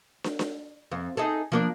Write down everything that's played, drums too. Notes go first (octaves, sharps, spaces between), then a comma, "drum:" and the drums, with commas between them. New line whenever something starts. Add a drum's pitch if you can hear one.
drum: snare
drum: snare
F2
D#4 G#4 A4
F3 A#3 D4